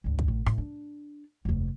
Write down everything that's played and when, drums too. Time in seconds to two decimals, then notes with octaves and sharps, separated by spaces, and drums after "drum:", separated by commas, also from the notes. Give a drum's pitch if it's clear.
0.04 G#1 D2
0.19 drum: kick
0.28 A2
0.46 A2, drum: rim click
0.58 D4
1.45 F1 D#2